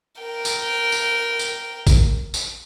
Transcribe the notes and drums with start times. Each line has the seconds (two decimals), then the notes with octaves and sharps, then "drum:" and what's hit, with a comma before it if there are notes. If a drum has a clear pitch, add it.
0.21 A#4 G5
0.45 drum: tambourine
0.92 drum: tambourine
1.39 drum: tambourine
1.87 drum: kick A1, tambourine
2.34 drum: tambourine